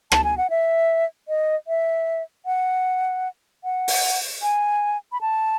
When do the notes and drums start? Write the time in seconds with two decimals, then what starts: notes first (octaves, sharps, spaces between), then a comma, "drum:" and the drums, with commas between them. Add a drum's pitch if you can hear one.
0.12 A5, drum: rim click
0.24 G#5
0.38 F#5
0.50 E5
1.28 D#5
1.68 E5
2.46 F#5
3.64 F#5
3.88 drum: open hi-hat
4.42 G#5
5.12 B5
5.21 A5